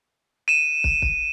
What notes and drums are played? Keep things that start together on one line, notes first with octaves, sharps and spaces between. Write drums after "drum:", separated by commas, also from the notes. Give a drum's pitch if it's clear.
D#7 E7
drum: kick
drum: kick